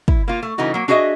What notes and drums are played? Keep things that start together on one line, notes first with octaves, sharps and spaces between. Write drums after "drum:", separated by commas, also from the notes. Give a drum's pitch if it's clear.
E4, drum: kick
A#3 F4
A3
C#3 E3 A3 D#4 F#4
F#3 A#3
D4 F#4 G#4 C5 D#5 E5